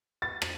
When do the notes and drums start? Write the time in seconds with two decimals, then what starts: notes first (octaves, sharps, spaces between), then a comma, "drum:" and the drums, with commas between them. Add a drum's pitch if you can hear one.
0.22 A6
0.42 drum: rim click